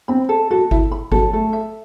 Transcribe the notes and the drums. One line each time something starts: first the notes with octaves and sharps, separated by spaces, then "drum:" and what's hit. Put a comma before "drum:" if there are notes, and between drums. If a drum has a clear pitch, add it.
C4 B5
A4
F#4 A4
E4 E5, drum: kick G1
B5
F#3 A4, drum: kick G1
A3 A4
E5